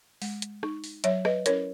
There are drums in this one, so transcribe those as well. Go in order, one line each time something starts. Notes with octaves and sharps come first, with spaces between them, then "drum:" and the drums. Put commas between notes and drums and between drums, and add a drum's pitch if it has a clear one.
G#3, drum: open hi-hat
drum: hi-hat
D#4, drum: rim click
drum: open hi-hat
F#3 C#5 E5, drum: hi-hat
B4 D#5, drum: rim click
C#4 E4 A#4 C#5, drum: hi-hat